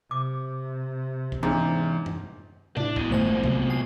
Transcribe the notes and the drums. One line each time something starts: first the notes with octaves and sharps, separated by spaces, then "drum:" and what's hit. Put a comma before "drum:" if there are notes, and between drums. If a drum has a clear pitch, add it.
C3 D6
drum: kick
E2 G#2 C#4 D4 A#5
drum: tom F#2
A2 D4 E4, drum: tom
G#2 B2, drum: kick
G1 A2 E3 A3 C5 G#5
A#3 B3
C3 F#3 C4, drum: kick
G#5 C7